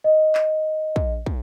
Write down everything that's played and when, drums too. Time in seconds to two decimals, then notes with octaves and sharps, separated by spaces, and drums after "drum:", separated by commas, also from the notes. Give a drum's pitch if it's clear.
0.04 D#5
0.35 drum: clap
0.96 drum: kick
1.26 drum: kick